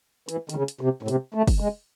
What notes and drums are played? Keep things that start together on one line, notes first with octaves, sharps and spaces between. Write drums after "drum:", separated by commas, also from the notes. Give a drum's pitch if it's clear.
E3, drum: hi-hat
D#3, drum: hi-hat
C#3
drum: hi-hat
C3
A2
C3, drum: hi-hat
A3
drum: kick, open hi-hat
G#3